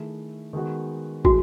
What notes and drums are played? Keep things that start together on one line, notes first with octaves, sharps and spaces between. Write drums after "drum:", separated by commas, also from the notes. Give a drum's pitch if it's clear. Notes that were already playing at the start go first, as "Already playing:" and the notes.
Already playing: D#3 A3 E4 G#4
D#3 G#3 B3 F#4
A2 E3 G#3 F#4, drum: kick